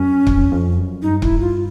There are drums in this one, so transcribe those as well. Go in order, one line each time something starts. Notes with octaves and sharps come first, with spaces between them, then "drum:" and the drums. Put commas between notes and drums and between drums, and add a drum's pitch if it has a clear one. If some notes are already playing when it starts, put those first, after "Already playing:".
Already playing: F#2 C#4
F2, drum: kick C#1
F2
F#2
G2 D#4
E4, drum: kick C#1
F4